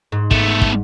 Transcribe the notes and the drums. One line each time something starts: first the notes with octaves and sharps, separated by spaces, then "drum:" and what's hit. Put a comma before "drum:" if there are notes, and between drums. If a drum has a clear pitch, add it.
G#2
A3 B3, drum: kick
drum: kick